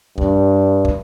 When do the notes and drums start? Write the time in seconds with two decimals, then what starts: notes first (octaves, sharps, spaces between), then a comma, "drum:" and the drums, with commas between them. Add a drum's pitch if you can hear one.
0.18 G2, drum: kick
0.85 drum: kick